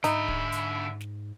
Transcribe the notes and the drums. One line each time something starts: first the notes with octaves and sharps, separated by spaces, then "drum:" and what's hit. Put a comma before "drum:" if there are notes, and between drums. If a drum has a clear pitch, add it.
G#2 D3 D#4 E5 B5, drum: hi-hat
drum: kick
drum: hi-hat
drum: snare